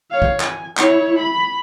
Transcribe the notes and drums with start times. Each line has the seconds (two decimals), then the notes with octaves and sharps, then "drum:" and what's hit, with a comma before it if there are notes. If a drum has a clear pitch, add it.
0.11 C#5 F5
0.22 drum: kick
0.40 G#5, drum: clap
0.77 E4 C#5, drum: clap
1.19 B5